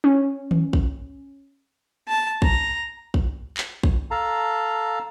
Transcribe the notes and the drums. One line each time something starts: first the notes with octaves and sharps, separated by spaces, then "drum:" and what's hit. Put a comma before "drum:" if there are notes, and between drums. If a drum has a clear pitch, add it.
C#4
drum: tom D#3
drum: kick
A5
A#5, drum: kick
drum: kick
drum: clap
drum: kick
A4 F5 A5 A#5